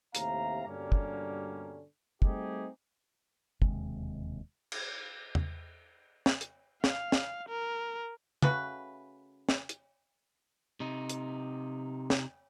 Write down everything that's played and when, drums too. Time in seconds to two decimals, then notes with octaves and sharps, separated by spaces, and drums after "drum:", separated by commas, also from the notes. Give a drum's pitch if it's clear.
0.15 D#2 A2 C3 F5 A#5, drum: hi-hat
0.66 G2 B2 D3 G3 A#3 C#4
0.92 drum: kick
2.22 G3 A3 C4 D#4 G4 G#4, drum: kick
3.62 E1 D#2 C3 G#3, drum: kick
4.72 drum: cymbal
5.35 drum: tom
6.26 drum: snare
6.41 drum: hi-hat
6.84 F5, drum: snare
7.12 drum: snare
7.49 A#4
8.42 C#3 A3 F#4 B4, drum: tom
9.49 drum: snare
9.69 drum: hi-hat
10.80 C3 D#4
11.09 drum: hi-hat
12.10 drum: snare